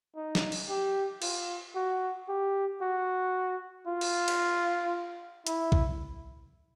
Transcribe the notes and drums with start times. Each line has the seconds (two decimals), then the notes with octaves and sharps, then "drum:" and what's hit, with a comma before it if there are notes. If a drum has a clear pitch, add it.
0.16 D#4
0.35 drum: snare
0.52 drum: cymbal
0.69 G4
1.22 F4, drum: cymbal
1.75 F#4
2.28 G4
2.82 F#4
3.87 F4
4.01 drum: cymbal
4.28 drum: cymbal
5.47 E4, drum: hi-hat
5.72 drum: kick B1